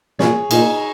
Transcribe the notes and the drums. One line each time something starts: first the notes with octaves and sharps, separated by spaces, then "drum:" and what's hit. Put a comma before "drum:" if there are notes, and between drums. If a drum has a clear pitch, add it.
A#2 G#4 C#5, drum: snare
A#2 D#4 G#4, drum: cymbal